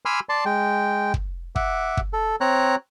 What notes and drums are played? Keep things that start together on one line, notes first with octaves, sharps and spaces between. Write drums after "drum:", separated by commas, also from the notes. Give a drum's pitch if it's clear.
G#5 B5 C6 D6 E6 F6
D5 A5 C6
G#3 G5
drum: kick
E5 F#5 D6, drum: kick
drum: kick
A4
C4 C#5 A#5 F#6